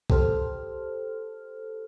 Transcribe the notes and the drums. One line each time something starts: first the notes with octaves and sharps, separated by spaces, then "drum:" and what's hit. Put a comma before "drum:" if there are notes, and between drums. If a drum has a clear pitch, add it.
G4 A4 C5 F6, drum: kick